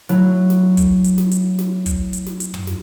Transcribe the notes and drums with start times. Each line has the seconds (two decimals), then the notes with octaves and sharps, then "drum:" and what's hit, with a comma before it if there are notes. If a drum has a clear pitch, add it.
0.09 F#3 A3 E4, drum: snare
0.50 drum: snare
0.77 drum: kick, hi-hat
1.04 drum: hi-hat
1.18 drum: snare
1.31 drum: hi-hat
1.59 drum: snare
1.86 drum: kick, hi-hat
2.13 drum: hi-hat
2.27 drum: snare
2.40 drum: hi-hat
2.54 drum: tom
2.67 drum: snare